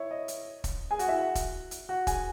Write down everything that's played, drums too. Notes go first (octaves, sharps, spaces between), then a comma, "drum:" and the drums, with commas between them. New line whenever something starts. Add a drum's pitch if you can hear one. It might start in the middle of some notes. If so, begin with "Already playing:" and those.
Already playing: E4 C#5 E5
D#5
drum: hi-hat
drum: kick, hi-hat
G#4 G#5
F#4 F#5, drum: hi-hat
E4 E5
F#4 F#5
drum: kick, hi-hat
drum: hi-hat
F#4 F#5
G#4 G#5, drum: kick, hi-hat